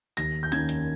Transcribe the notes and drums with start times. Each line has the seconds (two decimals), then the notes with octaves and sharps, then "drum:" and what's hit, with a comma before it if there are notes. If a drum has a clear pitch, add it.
0.17 D#2 A#6, drum: hi-hat
0.43 G6
0.52 D#3 A#3 C#4 G#6, drum: hi-hat
0.69 drum: hi-hat